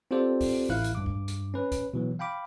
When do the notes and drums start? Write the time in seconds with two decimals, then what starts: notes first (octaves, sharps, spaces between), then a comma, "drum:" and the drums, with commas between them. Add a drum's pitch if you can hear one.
0.11 C4 F4 G4 A4 C5 D5
0.41 drum: kick C2, open hi-hat
0.69 A1 E4 F5 F#6
0.84 drum: hi-hat
0.95 G2 D6
1.06 drum: kick C2
1.28 drum: hi-hat
1.54 C#4 B4
1.72 drum: kick C2, hi-hat
1.94 B2 E3 F#3
2.19 F5 G5 B5 D6